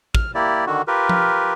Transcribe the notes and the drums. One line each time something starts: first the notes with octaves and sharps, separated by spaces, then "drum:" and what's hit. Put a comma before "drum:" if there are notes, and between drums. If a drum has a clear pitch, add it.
F6, drum: kick
A#3 E4 G4 D5
D3 D#3 F#4
F4 G4 A#4 B4
drum: tom F3